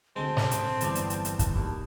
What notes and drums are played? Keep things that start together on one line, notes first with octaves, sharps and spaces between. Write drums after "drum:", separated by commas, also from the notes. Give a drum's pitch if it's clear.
D2 G#3 C4 A5
drum: snare
drum: hi-hat
G1 E2 D5, drum: hi-hat
drum: hi-hat
drum: hi-hat
drum: hi-hat
drum: kick, hi-hat
D#2